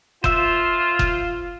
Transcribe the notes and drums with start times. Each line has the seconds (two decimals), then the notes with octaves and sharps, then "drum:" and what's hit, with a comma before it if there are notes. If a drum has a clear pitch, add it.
0.24 F4 C5 E5, drum: kick F#1
0.99 drum: kick F#1